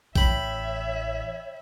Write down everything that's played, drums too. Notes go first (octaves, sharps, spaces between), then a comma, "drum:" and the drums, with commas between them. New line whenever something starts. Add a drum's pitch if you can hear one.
A1 E3 C#5 E5 G5 B5, drum: kick A#1